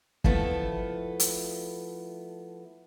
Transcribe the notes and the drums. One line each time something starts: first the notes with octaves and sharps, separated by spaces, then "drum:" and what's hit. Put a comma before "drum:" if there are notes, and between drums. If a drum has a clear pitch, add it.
F3 A3 B3 E4 A4, drum: kick
drum: hi-hat